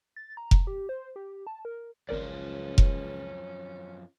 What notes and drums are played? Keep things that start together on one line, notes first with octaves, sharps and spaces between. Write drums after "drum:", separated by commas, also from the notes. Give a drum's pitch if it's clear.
A6
A#5
drum: kick F1
G4
C5
G4
A5
A#4
G#1 C#2 F#2 F3 C#4 A#4 D5
drum: kick F1